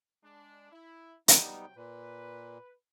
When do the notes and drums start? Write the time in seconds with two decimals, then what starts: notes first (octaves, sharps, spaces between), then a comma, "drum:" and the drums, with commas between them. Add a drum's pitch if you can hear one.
0.23 G#3 D4
0.72 E4
1.28 C3 F#3 G3 B3 D#4 G5, drum: hi-hat
1.76 A#2 B4